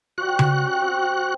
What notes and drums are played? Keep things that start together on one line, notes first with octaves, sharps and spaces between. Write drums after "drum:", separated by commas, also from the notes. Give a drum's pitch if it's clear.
F3 G3 F#4 F#6
drum: tom C#3
C#4 G4
F3 C4